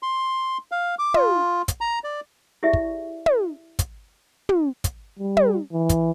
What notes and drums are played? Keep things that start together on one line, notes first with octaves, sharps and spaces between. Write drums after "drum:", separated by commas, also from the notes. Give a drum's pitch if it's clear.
C6
F5
D6
F4, drum: tom
drum: kick, hi-hat
A#5
D5
E4 G4 G#4 D5 E5
drum: kick
drum: tom
drum: kick, hi-hat
drum: tom
drum: kick, hi-hat
G3
drum: tom
E3
drum: kick, hi-hat